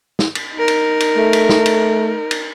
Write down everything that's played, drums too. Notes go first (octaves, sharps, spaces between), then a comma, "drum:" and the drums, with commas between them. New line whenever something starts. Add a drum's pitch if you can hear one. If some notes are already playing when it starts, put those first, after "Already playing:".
drum: snare
drum: cymbal
D#4 A#4
drum: cymbal
drum: cymbal
A3
drum: cymbal
drum: snare
drum: cymbal
drum: cymbal